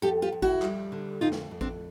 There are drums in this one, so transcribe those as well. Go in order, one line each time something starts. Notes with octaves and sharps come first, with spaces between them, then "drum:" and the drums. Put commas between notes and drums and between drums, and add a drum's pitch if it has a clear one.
F2 G4 A4
F4 G4
F2
E4 F#4, drum: kick A1
G3, drum: clap
D3
F2 D#4 F4
drum: snare
F2
C4 D4, drum: kick A1